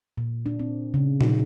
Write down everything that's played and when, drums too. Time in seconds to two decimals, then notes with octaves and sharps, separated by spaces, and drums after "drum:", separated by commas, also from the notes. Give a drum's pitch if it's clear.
0.18 A#2
0.46 D4
0.59 C4
0.94 C#3
1.21 D#4, drum: tom A#2